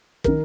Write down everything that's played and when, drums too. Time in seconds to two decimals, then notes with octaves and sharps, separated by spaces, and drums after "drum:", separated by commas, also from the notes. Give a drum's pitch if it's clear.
0.24 D#3 A#4, drum: kick